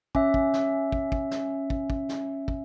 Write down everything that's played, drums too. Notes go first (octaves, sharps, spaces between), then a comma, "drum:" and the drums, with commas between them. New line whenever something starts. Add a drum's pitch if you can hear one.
C#4 E5, drum: kick
drum: kick
drum: snare
drum: kick
drum: kick
drum: snare
drum: kick
drum: kick
drum: snare
drum: kick